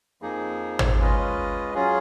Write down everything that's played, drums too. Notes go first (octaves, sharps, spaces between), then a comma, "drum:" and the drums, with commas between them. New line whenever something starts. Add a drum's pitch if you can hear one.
F2 F3 A#3 D#4 G#4
drum: tom
G#3 C#4 F4 B4 D#5
F#3 C#4 F4 G#4